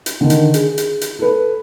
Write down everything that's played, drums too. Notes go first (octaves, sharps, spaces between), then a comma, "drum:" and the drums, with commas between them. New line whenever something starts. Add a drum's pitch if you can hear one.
drum: hi-hat
D3 D#3
drum: hi-hat
G#4, drum: hi-hat
drum: hi-hat
drum: hi-hat
A4 B4